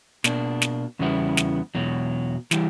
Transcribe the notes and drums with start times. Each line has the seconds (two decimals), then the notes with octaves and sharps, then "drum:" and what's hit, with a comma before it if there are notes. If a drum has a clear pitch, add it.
0.24 B2 A#3 D4, drum: snare
0.62 drum: snare
0.99 E2 C#3 G3 B3 E4
1.37 drum: snare
1.75 E2 B2 F#3
2.51 E3 G3, drum: snare